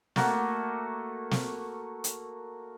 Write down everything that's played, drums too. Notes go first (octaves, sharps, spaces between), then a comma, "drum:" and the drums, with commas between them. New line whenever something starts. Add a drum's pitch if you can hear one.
A3 A#3 F#4, drum: snare
drum: snare
drum: hi-hat